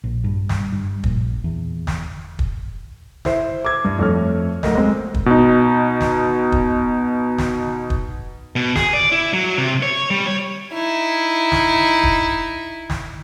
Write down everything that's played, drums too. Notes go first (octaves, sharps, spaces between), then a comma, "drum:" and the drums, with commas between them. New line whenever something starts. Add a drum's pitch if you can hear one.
A#1
G2
drum: snare
G2
A#1, drum: kick
E2
drum: snare
drum: kick
E4 C5, drum: snare
D6 E6 G#6
G2
F2 A3 C#5 F6
D1 D2 A#4 D#5, drum: snare
G#3 C4
drum: kick
B2 D#4
drum: snare
drum: kick
drum: snare
drum: kick
B2
G#4, drum: snare
D5
E4
F#3
C3
C#5
G3
C#5
D#4 E4
drum: snare
drum: kick
drum: snare